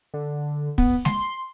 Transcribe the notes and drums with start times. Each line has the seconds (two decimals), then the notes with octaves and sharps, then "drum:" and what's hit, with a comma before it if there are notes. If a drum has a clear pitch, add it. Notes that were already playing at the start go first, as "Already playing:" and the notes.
0.14 D3
0.78 B3, drum: kick
1.05 C6, drum: snare G#3